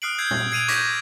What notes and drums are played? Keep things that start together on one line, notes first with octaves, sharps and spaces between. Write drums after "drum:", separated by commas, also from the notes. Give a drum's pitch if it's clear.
D#6 F6 F#6 C7 D7 F#7
E6 G6 G#6 C7
drum: tom A#2
G#6 C7 D7 D#7 F7 F#7
C#6 D6 G6 G#6 A#6 B6, drum: hi-hat